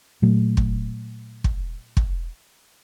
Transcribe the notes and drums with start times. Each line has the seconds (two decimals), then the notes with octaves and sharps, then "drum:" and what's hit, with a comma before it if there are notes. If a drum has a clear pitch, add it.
0.22 A#2 F#3 A3
0.57 drum: kick
1.44 drum: kick
1.97 drum: kick